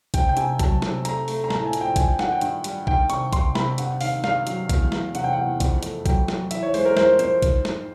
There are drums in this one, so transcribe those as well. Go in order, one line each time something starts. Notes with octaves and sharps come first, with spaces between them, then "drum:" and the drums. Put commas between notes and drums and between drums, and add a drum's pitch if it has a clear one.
C3 G5, drum: kick, hi-hat
G5
C3 G#5, drum: hi-hat
F#3 A5, drum: kick, hi-hat
C3, drum: snare
A3 A#5, drum: hi-hat
A3, drum: open hi-hat
A#5
A2 A5, drum: snare
G#5
F3, drum: hi-hat
G5
G2 G#5, drum: kick, hi-hat
G5
D#3 F#5, drum: snare
G5
G2, drum: hi-hat
G3, drum: hi-hat
D#3 G5, drum: kick
C3 C#6, drum: hi-hat
G3 C6, drum: kick, hi-hat
C3 B5, drum: snare
G2 F#5, drum: hi-hat
D#3 F5, drum: open hi-hat
G2 F5, drum: snare
F#3, drum: hi-hat
E2, drum: kick, hi-hat
E2, drum: snare
C3 F#5, drum: hi-hat
G5
E2 F#5
F2, drum: kick, hi-hat
A3, drum: hi-hat
F#3 G5, drum: kick, hi-hat
F#3, drum: snare
E3 E5, drum: hi-hat
C#5
G#3 C5, drum: open hi-hat
A#4
F2 C5, drum: snare
F2 C5, drum: hi-hat
G#2, drum: kick, hi-hat
G#2, drum: snare